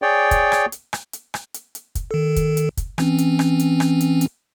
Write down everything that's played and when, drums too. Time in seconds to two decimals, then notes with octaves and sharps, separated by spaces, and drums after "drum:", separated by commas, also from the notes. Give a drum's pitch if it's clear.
0.02 G#4 C#5 D5 G5
0.31 drum: kick, hi-hat
0.52 drum: rim click
0.72 drum: hi-hat
0.93 drum: rim click
1.13 drum: hi-hat
1.34 drum: rim click
1.54 drum: hi-hat
1.75 drum: hi-hat
1.95 drum: kick, hi-hat
2.11 D#3 A4
2.36 drum: kick, hi-hat
2.57 drum: hi-hat
2.77 drum: kick, hi-hat
2.98 E3 C4 C#4, drum: rim click
3.18 drum: hi-hat
3.39 drum: rim click
3.59 drum: hi-hat
3.80 drum: rim click
4.01 drum: hi-hat
4.21 drum: hi-hat